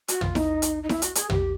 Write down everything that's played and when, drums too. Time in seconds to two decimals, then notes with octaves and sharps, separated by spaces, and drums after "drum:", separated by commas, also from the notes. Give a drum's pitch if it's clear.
0.08 F#4, drum: hi-hat
0.21 F4, drum: tom
0.35 D#4, drum: snare E4
0.62 drum: hi-hat
0.82 D#4
0.89 E4, drum: snare E4
1.02 F#4, drum: hi-hat
1.15 G#4, drum: hi-hat
1.30 G4, drum: tom